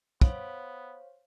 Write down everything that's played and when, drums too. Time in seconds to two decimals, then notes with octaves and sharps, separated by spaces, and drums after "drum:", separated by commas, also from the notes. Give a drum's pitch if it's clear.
0.22 B3 C5 C#5 F5, drum: kick